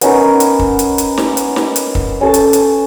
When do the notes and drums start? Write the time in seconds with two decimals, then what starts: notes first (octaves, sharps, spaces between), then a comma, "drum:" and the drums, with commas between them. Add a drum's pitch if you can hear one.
0.01 B3 C#4 D#4 A#4, drum: hi-hat
0.40 drum: hi-hat
0.59 drum: kick
0.79 drum: hi-hat
0.98 drum: hi-hat
1.18 drum: snare
1.37 drum: hi-hat
1.56 drum: snare
1.76 drum: hi-hat
1.95 drum: kick
2.21 C#4 A4 A5
2.34 drum: hi-hat
2.53 drum: hi-hat